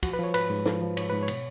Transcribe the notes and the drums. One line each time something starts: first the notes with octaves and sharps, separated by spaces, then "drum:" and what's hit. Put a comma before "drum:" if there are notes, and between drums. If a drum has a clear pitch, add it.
F3 F#4, drum: kick, cymbal
B4
F3
C#5
G#2 B4, drum: cymbal
G#2
F3, drum: snare
F3
G#2 C#5, drum: cymbal
G#2 B4
C#5
B2, drum: cymbal